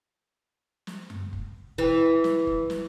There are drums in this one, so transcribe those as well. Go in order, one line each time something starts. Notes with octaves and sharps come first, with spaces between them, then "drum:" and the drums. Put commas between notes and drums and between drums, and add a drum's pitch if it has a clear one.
drum: snare
drum: tom F#2
drum: kick
E3, drum: kick
drum: snare
drum: kick
drum: snare